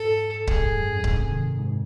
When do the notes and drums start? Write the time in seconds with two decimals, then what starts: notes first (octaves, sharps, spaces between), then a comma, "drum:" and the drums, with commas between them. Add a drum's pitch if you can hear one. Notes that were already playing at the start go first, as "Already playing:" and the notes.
Already playing: G#2 A4
0.47 G#2 G#4, drum: kick C#1
0.76 F#2
0.97 F#2
1.04 G#2, drum: kick C#1
1.17 C3
1.31 D#3
1.59 G#2